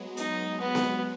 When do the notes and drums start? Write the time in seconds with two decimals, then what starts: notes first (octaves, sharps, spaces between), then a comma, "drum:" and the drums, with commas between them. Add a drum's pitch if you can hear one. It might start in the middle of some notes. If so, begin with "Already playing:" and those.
Already playing: F#3 G#3 B3
0.17 F#3 D#4, drum: hi-hat
0.60 G#3 B3
0.75 drum: snare B3